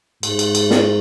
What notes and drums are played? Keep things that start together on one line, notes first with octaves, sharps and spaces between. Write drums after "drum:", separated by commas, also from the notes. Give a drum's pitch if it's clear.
G#2, drum: cymbal
drum: cymbal
drum: cymbal
drum: snare